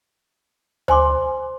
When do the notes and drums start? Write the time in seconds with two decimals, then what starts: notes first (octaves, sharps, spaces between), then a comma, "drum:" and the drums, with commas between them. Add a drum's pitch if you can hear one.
0.88 C5 G#5 C6 D6, drum: tom D2